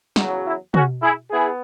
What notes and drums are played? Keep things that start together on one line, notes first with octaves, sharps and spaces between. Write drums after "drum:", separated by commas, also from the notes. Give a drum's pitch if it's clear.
E2 C#3 F#3, drum: snare
E4
C#4 F#4, drum: tom
E4 G#4
B3 E4 G#4